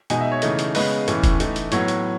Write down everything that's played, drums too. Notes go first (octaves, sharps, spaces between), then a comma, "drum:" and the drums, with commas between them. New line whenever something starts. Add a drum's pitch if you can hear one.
B2 G#3 D#4 G#5, drum: hi-hat
E5
C#5
C#3 E3 A3 D#4, drum: hi-hat
drum: hi-hat
C#3 G#3 B3 B4, drum: open hi-hat
A2 E3 A3 C#4, drum: hi-hat
drum: kick F1, hi-hat
E3 A3 D#4, drum: hi-hat
drum: hi-hat
A2 F#3 B3 C#5, drum: hi-hat
drum: hi-hat